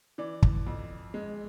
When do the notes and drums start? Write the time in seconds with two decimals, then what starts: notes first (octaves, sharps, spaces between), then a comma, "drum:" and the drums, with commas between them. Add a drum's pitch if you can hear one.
0.18 E3 D5
0.42 drum: kick
0.67 F2
1.14 G#3